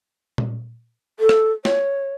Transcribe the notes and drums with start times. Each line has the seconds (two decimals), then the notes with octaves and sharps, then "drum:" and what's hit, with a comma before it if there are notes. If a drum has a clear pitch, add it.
0.38 drum: tom A#2
1.20 A4
1.29 drum: rim click
1.65 C#5, drum: snare